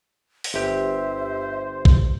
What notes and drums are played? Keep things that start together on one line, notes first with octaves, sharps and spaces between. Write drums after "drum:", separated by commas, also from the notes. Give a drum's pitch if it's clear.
drum: open hi-hat
G1 G4 C5 E5
drum: kick A#1